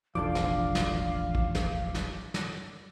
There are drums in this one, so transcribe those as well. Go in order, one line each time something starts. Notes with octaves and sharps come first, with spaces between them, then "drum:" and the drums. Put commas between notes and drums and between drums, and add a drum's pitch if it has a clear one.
E1 A1 F3 D4 A4 F5 D6
drum: snare
drum: snare
drum: kick
drum: snare
drum: snare
drum: snare